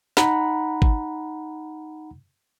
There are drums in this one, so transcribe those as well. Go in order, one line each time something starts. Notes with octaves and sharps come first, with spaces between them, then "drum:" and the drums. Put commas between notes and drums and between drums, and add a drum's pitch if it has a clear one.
D#4 F#5 A#5 B5, drum: snare
drum: kick G#1